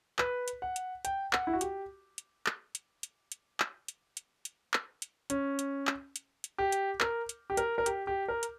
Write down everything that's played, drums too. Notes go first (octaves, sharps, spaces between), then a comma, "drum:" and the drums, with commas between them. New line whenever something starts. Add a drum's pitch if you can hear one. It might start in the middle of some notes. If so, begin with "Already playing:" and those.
B4, drum: clap
drum: hi-hat
F#5
drum: hi-hat
G5, drum: hi-hat
F#5, drum: clap
E4
F#4
G4, drum: hi-hat
drum: hi-hat
drum: clap
drum: hi-hat
drum: hi-hat
drum: hi-hat
drum: clap
drum: hi-hat
drum: hi-hat
drum: hi-hat
drum: clap
drum: hi-hat
C#4, drum: hi-hat
drum: hi-hat
drum: clap
drum: hi-hat
drum: hi-hat
G4
drum: hi-hat
A#4, drum: clap
drum: hi-hat
G4
A#4, drum: hi-hat
A#4
G4, drum: hi-hat
G4
A#4
drum: hi-hat